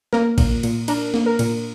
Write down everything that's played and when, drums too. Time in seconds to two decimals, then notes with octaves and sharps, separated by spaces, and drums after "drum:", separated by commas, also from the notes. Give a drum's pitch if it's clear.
0.13 A#3 A#4, drum: snare
0.38 A#2, drum: kick A#1, cymbal
0.63 A#2, drum: cymbal
0.88 D4 A#4, drum: cymbal
1.14 A#3, drum: snare
1.26 A#4
1.39 A#2, drum: cymbal